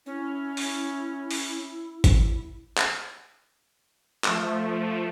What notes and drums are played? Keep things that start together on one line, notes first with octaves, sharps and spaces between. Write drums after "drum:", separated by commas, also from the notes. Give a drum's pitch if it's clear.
C#4 E4
drum: open hi-hat
drum: open hi-hat
drum: kick G#1, hi-hat
drum: clap
F3 A3, drum: clap